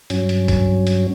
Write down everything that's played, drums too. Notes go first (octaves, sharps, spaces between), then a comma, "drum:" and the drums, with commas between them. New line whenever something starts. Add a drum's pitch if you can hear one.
G2 F#3 C#4, drum: hi-hat
drum: hi-hat
drum: kick, hi-hat
drum: hi-hat